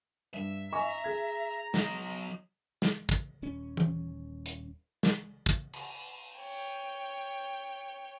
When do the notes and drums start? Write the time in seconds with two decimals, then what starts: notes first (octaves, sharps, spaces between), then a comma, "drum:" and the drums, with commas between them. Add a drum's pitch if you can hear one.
0.34 G2 E5
0.73 D#5 G#5 A#5 C#6
1.04 G#4 G#6
1.74 F#3 D#5, drum: snare
2.82 drum: snare
3.09 drum: kick
3.42 D#1 C#4
3.77 drum: tom E3
4.46 drum: hi-hat
5.03 drum: snare
5.46 drum: kick
5.73 drum: cymbal
6.35 C#5 G5